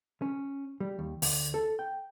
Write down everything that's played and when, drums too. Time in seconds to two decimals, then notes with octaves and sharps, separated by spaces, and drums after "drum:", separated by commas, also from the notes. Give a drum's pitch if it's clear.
0.22 C#4
0.80 G3
0.99 D#2
1.22 D2, drum: open hi-hat
1.54 A4
1.79 G5